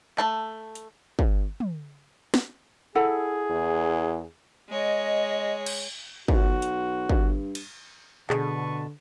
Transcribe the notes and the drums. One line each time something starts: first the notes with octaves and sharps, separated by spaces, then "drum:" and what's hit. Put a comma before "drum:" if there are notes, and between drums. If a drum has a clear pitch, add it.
A3 A5, drum: clap
drum: hi-hat
drum: kick
drum: tom
drum: snare
E4 G#4 A4 F#5
E2
G#3 C#5 D#5
drum: cymbal
B1 F#4, drum: kick
drum: hi-hat
G2, drum: kick
drum: cymbal
B2 D3 G#4 B4 A5 C#6, drum: clap